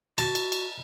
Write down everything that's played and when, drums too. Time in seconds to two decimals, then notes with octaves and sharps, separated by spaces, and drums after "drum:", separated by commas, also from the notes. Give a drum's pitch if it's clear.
0.18 F#4 A5, drum: cymbal
0.35 drum: cymbal
0.52 drum: cymbal